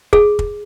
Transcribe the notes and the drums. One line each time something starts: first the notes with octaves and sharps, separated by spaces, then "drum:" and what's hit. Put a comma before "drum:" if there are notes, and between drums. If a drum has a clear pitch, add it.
G#4, drum: kick
drum: kick